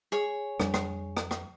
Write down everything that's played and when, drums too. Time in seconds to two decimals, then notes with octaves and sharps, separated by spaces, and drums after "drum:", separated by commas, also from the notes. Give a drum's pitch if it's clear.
0.12 G#4 C#5
0.60 F2 G3 D4, drum: rim click
0.74 drum: rim click
1.17 drum: rim click
1.31 drum: rim click